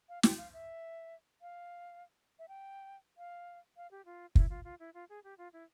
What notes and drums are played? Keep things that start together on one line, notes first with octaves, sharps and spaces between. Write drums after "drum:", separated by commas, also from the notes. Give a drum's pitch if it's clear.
F5
G5, drum: snare
F5
E5
F5
E5
G5
F5
F5
G4
F4
E4, drum: kick
F4
F4
E4
F4
G#4
G4
F4
E4